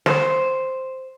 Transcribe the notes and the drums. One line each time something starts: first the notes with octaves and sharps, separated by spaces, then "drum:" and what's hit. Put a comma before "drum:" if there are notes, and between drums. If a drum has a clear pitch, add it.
C5, drum: snare